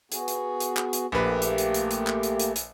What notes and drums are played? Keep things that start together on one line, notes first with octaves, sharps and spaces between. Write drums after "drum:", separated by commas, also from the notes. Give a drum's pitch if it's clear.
B3 F#4 G#4, drum: hi-hat
drum: hi-hat
drum: hi-hat
drum: clap
drum: hi-hat
A#1 A3 A#3 G4 B4
drum: hi-hat
drum: hi-hat
drum: hi-hat
drum: hi-hat
drum: clap
drum: hi-hat
drum: hi-hat
drum: hi-hat